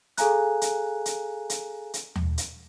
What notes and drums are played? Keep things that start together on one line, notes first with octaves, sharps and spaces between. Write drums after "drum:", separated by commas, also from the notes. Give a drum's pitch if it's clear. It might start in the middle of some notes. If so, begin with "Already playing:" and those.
G#4 A4 F5 G#5 A#5 F#6, drum: hi-hat
drum: hi-hat
drum: hi-hat
drum: hi-hat
drum: hi-hat
drum: tom D#2
drum: hi-hat